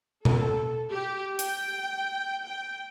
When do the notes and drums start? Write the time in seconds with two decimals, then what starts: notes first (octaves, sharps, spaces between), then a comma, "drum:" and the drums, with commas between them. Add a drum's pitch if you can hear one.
0.25 A4, drum: tom B2
0.92 G4
1.39 G5, drum: hi-hat
2.44 G5